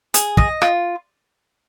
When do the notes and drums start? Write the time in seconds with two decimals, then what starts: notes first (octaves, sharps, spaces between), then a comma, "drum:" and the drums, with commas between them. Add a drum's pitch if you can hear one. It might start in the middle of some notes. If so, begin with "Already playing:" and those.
0.14 G#4, drum: hi-hat
0.37 D#5, drum: kick
0.62 F4, drum: rim click